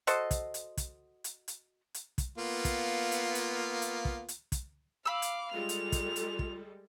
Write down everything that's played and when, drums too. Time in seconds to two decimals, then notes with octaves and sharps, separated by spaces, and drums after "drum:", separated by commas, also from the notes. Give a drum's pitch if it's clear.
0.07 F#4 A4 C5 D#5, drum: hi-hat
0.31 drum: kick, hi-hat
0.54 drum: hi-hat
0.77 drum: kick, hi-hat
1.24 drum: hi-hat
1.48 drum: hi-hat
1.94 drum: hi-hat
2.18 drum: kick, hi-hat
2.38 A#3 B3 F4
2.65 drum: kick, hi-hat
3.11 drum: hi-hat
3.35 drum: hi-hat
3.82 drum: hi-hat
4.05 drum: kick
4.28 drum: hi-hat
4.52 drum: kick, hi-hat
5.05 F5 B5 D6 E6
5.22 drum: hi-hat
5.53 G3 G#3 F4 A4 F7
5.69 drum: hi-hat
5.92 drum: kick, hi-hat
6.16 drum: hi-hat
6.39 drum: kick